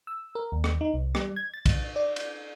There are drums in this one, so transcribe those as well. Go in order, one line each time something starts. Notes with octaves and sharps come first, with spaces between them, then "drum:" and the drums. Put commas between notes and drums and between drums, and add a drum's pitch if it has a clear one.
E6
A#4
D#2
drum: rim click
D#4
C2
G3, drum: rim click
G#6
A6
drum: kick, cymbal
D5
drum: cymbal